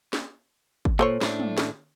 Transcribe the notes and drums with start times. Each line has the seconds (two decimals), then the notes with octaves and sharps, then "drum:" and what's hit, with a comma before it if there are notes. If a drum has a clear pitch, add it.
0.13 drum: snare
0.85 drum: kick
0.99 A#2 A4 C5 C#5
1.21 A2 A3 D4, drum: snare
1.40 drum: tom
1.58 drum: snare